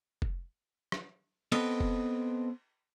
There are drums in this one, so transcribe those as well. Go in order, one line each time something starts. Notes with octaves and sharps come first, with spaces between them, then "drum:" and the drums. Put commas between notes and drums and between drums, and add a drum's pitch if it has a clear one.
drum: kick F1
drum: rim click
B3 C4 A4 B4 D#5, drum: cymbal
drum: kick F1